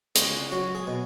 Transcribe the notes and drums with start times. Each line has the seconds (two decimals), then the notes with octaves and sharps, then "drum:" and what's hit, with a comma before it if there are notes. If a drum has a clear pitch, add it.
0.15 C#2 G#4, drum: hi-hat
0.52 F#3 F#4
0.75 G#4
0.87 B2